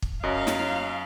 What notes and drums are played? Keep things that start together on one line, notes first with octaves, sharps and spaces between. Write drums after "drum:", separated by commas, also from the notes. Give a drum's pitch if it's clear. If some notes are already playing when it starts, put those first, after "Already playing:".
drum: kick
F#2 F#3 D#5 F5
drum: snare